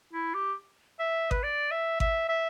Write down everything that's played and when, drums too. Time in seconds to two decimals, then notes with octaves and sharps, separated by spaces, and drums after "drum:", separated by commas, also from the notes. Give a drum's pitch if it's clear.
0.13 E4
0.34 G4
0.99 E5
1.31 B4, drum: kick G#1
1.43 D5
1.71 E5
2.00 E5, drum: kick G#1
2.29 E5